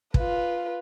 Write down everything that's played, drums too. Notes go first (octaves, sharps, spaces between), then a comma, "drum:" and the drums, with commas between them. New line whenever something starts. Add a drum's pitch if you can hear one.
F4 B4, drum: kick